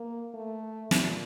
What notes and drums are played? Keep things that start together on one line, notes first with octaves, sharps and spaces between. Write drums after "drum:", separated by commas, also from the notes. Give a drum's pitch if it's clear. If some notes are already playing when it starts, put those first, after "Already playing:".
Already playing: A#3
A3
A#2, drum: snare